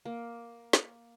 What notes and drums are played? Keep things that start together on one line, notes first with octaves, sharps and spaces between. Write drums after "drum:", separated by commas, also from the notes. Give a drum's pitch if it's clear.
A#3
drum: snare